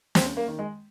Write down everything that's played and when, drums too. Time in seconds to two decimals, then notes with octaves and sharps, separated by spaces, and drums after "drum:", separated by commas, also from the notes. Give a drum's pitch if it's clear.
0.15 D#2 C4, drum: snare
0.37 A#3
0.48 D#3
0.59 G#3